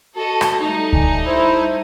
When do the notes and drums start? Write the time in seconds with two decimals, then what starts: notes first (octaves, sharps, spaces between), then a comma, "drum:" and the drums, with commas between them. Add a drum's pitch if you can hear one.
0.14 F#4 A4 D#5
0.41 drum: rim click
0.62 G3 A3 D#4
0.93 G#5, drum: kick C#2
1.25 E4 C5